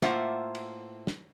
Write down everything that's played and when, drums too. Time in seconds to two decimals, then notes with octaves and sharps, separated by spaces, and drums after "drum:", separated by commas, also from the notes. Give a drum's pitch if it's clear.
0.02 A2 A#3 F4 C5 E5 F#5, drum: snare
0.55 drum: cymbal
1.07 drum: snare